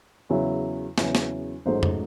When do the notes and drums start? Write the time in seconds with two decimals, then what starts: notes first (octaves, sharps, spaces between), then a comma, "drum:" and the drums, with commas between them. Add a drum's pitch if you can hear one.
0.29 E2 C#3 F#3 C#4 E4
0.98 E2 C#3 F#3 C#4 E4, drum: snare
1.15 drum: snare
1.65 A1 G#2 F#3 A3 C5
1.83 drum: tom